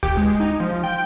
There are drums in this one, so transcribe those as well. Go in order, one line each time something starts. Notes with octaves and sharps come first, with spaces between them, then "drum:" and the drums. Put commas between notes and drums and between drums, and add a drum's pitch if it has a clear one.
G4, drum: kick D2, hi-hat
G#3, drum: hi-hat
D#4
F3
G5